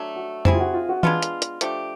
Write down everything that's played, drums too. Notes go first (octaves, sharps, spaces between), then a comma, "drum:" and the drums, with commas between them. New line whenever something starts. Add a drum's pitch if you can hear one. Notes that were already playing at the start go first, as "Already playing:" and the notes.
Already playing: F#3 A3 D4
F#4
C4 E4 G4 G#4, drum: tom F2
F4
F#4
F4
F#4
G#3 B3 D4 F4, drum: tom E3
drum: hi-hat
drum: hi-hat
F3 A3 D4 G4, drum: hi-hat